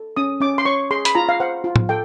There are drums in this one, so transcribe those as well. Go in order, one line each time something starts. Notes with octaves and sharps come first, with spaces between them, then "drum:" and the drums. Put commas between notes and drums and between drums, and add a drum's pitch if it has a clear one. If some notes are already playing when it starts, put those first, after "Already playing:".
Already playing: A4
C#4 D#6
C#4 D6
C6
C#5 C#6
G#4 C6
B5, drum: hi-hat
F4 A#5
F5
C5 F#5
F4
drum: tom
A4 G5